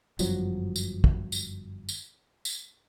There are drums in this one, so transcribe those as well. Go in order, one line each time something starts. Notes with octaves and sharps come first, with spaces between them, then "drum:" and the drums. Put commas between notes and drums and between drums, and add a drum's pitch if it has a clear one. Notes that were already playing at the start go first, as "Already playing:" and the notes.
G1 F#2 F3 F#3, drum: tambourine
drum: tambourine
drum: kick
drum: tambourine
drum: tambourine
drum: tambourine